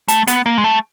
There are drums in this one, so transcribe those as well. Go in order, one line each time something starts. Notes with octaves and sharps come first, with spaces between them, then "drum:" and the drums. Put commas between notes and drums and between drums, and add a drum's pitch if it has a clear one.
A3, drum: hi-hat
B3, drum: hi-hat
A#3
G#3
A3